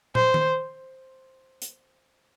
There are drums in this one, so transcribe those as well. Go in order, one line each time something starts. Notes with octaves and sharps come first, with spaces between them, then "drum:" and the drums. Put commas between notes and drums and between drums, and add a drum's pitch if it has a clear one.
C5, drum: tom
drum: tom D#3
drum: hi-hat